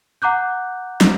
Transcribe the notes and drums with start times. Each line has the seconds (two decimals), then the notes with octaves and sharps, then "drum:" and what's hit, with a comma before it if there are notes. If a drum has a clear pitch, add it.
0.22 F#5 A#5 D6 F#6 G6
1.01 drum: snare